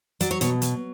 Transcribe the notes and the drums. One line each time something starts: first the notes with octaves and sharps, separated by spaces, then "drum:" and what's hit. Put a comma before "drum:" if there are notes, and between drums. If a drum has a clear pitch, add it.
F#3 D5, drum: hi-hat
C#5
B2 C#5, drum: hi-hat
F#3, drum: hi-hat